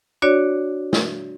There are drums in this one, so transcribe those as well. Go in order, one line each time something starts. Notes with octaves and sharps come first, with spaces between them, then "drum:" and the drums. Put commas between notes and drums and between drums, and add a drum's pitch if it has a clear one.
D4 F#4 C#5 D5
drum: snare